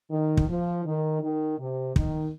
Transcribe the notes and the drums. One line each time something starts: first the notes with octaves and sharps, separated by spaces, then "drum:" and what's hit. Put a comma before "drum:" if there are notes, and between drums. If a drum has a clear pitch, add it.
D#3
drum: kick
F3
D#3
D#3
C3
D#3, drum: kick